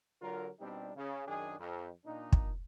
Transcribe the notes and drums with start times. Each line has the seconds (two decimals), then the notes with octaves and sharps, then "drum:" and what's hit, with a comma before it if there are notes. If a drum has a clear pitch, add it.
0.22 D3 F#3 F4 A#4
0.60 B2 G3 C4 D4 D#4 G4
0.96 C#3
1.27 F#2 D#3 D4 G#4
1.58 F2
2.05 A#2 D4 D#4
2.32 drum: kick